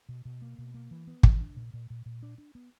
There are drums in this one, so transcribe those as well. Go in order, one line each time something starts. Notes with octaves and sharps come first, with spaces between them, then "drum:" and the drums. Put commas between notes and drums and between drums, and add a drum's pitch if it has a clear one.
B2
B2
A#3
B2
A#3
E3
B3
E3, drum: kick
D4
A#2
A#2
A#2
A#2
D4
D4
B3